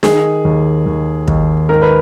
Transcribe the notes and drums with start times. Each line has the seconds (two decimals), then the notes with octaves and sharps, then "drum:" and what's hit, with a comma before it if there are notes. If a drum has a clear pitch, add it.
0.03 D#3 G#4, drum: snare
0.45 D#2
0.86 D#2
1.27 D#2, drum: kick
1.69 G#2 A#4
1.82 B4